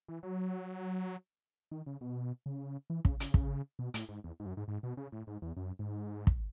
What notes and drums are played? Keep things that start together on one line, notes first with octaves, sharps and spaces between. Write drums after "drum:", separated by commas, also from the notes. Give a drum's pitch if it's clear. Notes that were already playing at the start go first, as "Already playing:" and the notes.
E3
F#3
D#3
C#3
B2
C#3
E3
C#3, drum: kick
C#3, drum: hi-hat
drum: kick
B2
A2, drum: hi-hat
G#2
E2
G#2
F#2
G#2
G#2
B2
C#3
A2
G#2
E2
F#2
G#2
drum: kick